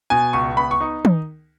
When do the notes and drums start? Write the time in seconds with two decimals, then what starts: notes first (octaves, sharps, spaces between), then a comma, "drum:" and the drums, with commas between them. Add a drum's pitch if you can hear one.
0.10 B2 G#5
0.33 C#2 C#6
0.57 B3 B5
0.71 C#6
0.80 D#4
1.05 drum: tom